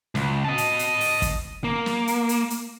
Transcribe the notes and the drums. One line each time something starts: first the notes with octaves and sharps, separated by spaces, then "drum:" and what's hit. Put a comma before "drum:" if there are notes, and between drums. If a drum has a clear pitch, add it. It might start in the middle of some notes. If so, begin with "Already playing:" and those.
C#2, drum: snare
D#5 A5
drum: hi-hat
drum: hi-hat
drum: open hi-hat
drum: kick, hi-hat
A#3
drum: snare
drum: hi-hat
drum: hi-hat
drum: hi-hat